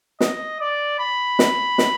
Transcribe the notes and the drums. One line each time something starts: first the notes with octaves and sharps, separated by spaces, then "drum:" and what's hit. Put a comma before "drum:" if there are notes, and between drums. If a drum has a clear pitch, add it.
D#5, drum: snare
D5
B5
drum: snare
drum: snare